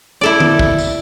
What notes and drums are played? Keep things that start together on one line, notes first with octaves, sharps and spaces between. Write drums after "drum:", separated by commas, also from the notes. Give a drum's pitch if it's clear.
E4 A4 D5
drum: tom D3
drum: kick
drum: tambourine